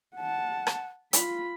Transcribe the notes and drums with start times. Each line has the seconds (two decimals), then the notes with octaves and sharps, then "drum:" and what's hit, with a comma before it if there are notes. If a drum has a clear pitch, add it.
0.16 F#5 A5
0.67 drum: rim click
1.13 F4 B5, drum: hi-hat